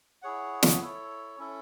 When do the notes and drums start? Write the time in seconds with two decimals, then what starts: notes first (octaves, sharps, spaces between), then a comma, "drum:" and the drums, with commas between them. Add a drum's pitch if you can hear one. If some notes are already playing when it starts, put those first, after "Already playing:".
0.22 E4 G#4 C#5 F#5
0.63 drum: snare
0.81 E4 A4 C#5
1.38 C#4 E4 A4